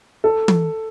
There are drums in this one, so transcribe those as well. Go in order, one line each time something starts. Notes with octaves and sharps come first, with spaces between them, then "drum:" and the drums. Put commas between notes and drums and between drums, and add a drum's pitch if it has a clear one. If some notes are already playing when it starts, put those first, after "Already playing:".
A4
drum: tom E3